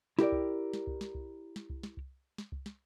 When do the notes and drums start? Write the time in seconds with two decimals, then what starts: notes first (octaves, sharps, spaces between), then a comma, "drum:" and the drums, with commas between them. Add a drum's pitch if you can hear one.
0.19 E4 G4 A#4 D5, drum: snare
0.32 drum: kick C2
0.74 drum: snare
0.87 drum: kick C2
1.01 drum: snare
1.15 drum: kick C2
1.56 drum: snare
1.70 drum: kick C2
1.83 drum: snare
1.97 drum: kick C2
2.38 drum: snare
2.52 drum: kick C2
2.66 drum: snare